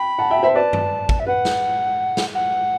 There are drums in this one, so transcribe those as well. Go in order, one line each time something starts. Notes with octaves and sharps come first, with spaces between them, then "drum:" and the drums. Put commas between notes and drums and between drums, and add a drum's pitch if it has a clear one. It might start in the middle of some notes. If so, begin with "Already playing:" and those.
Already playing: G5 B5
F#5 A5
E5 G5
C5 E5
B4 D5 A5
drum: tom G2
drum: kick
E5
B4 F#5
drum: snare
drum: snare
F#5